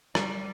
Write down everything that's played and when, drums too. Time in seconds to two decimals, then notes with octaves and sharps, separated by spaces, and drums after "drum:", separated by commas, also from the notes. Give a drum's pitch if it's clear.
0.15 G3, drum: rim click